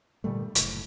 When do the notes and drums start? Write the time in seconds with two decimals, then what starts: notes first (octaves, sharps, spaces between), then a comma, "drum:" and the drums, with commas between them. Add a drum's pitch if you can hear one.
0.24 A#2 D3 G3 A3
0.55 F#1 A2, drum: hi-hat